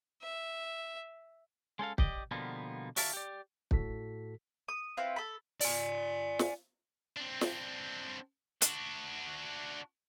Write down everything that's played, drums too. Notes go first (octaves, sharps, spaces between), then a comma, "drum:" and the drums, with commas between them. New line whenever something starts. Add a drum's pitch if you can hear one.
E5
G#3 C#4 A4 F5
G4 D5 D#5, drum: kick
B2 D3 F3 G3 A#3 B3
D3 F#4 E5 F5 A5, drum: open hi-hat
G4 D5
A2 F#4 A4 B6, drum: kick
D#6
C4 E4 F4 B4
A4 B5
D5 G#5, drum: open hi-hat
drum: snare
C4 D4
drum: snare
D4 F#4, drum: hi-hat